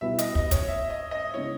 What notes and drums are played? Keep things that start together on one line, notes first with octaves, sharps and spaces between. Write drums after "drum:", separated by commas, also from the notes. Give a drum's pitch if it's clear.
B2 G3 B3 E4 E5
D#5, drum: hi-hat
D#5, drum: kick
C#5, drum: kick, hi-hat
E5
D#5
D#5
C#3 G#3 B3 E4 C#5